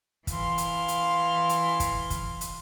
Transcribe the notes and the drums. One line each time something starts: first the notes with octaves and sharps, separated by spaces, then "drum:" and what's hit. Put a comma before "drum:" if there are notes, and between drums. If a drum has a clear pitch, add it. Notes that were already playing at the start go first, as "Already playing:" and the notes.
E3 F5 C6, drum: kick, hi-hat
drum: hi-hat
drum: hi-hat
drum: hi-hat
drum: kick, hi-hat
drum: kick, hi-hat
drum: hi-hat